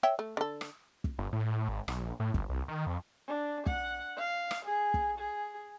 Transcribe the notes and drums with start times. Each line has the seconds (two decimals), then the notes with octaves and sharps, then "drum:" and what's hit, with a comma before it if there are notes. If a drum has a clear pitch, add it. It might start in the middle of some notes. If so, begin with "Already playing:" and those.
0.03 C#5 E5 G5
0.19 A3
0.37 D3 A4
0.61 drum: rim click
1.04 drum: kick
1.19 G1
1.32 A2
1.69 G#1
1.88 B1, drum: rim click
2.01 A#1
2.20 A2
2.34 G1, drum: kick
2.49 C2
2.68 D#3
2.87 F2
3.27 D4
3.66 F#5, drum: kick
4.17 F5
4.51 drum: rim click
4.65 G#4
4.94 drum: kick
5.18 G#4